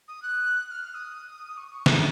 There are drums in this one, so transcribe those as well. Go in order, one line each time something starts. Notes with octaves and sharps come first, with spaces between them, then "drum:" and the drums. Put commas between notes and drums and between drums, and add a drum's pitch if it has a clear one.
D#6
F#6
F#6
F6
F6
D#6
C#6
C#6
A#5, drum: snare